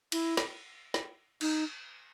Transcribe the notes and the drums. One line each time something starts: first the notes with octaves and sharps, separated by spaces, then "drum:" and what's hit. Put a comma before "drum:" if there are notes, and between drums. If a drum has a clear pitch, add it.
E4, drum: cymbal
drum: snare
drum: snare
D#4, drum: cymbal